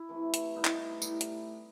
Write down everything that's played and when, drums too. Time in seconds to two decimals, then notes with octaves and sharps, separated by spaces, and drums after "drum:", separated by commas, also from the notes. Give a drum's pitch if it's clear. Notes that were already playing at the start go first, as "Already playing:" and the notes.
Already playing: E4
0.09 C3 E3 A3
0.34 drum: hi-hat
0.55 A2 G3 B3 D#4
0.65 drum: clap
1.02 A2 G3, drum: tambourine
1.21 drum: hi-hat